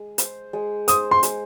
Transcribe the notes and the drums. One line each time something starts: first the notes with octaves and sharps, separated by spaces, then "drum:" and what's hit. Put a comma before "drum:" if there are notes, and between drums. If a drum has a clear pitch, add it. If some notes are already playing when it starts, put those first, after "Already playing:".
Already playing: G#3
C5, drum: hi-hat
G#3
C5 D#6, drum: hi-hat
C6
G#3, drum: hi-hat